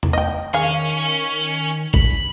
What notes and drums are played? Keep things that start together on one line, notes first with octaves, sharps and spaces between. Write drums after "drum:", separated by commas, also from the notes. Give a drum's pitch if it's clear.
drum: tom E2
D#5 G5
D#3 C#4 G#4 F5
B5, drum: kick G#1